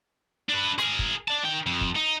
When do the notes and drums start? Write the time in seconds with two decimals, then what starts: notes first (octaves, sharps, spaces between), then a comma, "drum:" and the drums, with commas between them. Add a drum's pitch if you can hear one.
0.49 D4 B4
0.78 G#4 A#4, drum: rim click
0.99 drum: kick
1.28 D4 A5
1.43 D#3 G5
1.67 F2
1.81 drum: kick
1.96 D#4